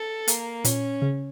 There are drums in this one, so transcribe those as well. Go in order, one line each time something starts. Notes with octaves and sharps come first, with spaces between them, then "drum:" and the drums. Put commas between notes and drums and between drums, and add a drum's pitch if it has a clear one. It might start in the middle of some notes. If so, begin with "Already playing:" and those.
Already playing: A4
A#3, drum: hi-hat
A#2 C#4, drum: hi-hat
C#3